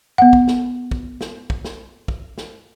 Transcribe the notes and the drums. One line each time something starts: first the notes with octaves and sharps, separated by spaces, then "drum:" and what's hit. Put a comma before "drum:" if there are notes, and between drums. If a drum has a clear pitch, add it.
B3 F#5
drum: kick
drum: snare
drum: kick
drum: snare
drum: kick
drum: snare
drum: kick
drum: snare